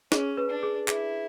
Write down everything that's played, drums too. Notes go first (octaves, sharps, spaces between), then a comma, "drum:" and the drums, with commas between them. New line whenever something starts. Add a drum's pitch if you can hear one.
C#4 G#4, drum: snare
B4
D4
G#4
E4 G#4, drum: clap